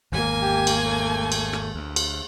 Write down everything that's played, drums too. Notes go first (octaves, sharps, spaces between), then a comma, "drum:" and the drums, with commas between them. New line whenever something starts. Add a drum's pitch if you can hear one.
G#1 E2 A#3 G#5 G#6
G4
drum: cymbal
A3
drum: cymbal
drum: rim click
D2
drum: cymbal